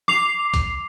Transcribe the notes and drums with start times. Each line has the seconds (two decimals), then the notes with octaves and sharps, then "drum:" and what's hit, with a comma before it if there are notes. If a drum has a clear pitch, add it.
0.08 D6 C7 F7, drum: snare
0.54 drum: kick, hi-hat